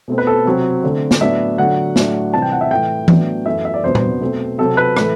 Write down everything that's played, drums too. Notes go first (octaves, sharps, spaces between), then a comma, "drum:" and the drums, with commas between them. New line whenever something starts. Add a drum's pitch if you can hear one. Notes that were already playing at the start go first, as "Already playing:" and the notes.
B2 A3 C4
B4
A4
C3 F#3 C4
D3 A3 C4
drum: snare
A2 F#3 B3 D4 E5
D3 F#3 A3 D4 F#5
A2 F#3 A3 D4, drum: snare
C3 E3 G3 C4 A5
G5
F#5
E5
A2 E3 A3 G5
A2 F#3 B3 D4, drum: tom E3
F#2 E3 A3 E5
E5
D5
E2 C3 F#3 B3 D4 C5
drum: tom
B2 A3 C4
C3 F#3 C4 A4
B4
A2 E3 A3 B4, drum: rim click